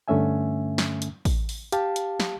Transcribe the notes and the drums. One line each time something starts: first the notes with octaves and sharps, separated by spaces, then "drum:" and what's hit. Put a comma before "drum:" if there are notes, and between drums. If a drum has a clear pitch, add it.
G2 D3 A3 C#4 E5 G#5
drum: snare
drum: hi-hat
drum: kick A1, open hi-hat
drum: open hi-hat
G4 F5 A5, drum: hi-hat
drum: hi-hat
drum: snare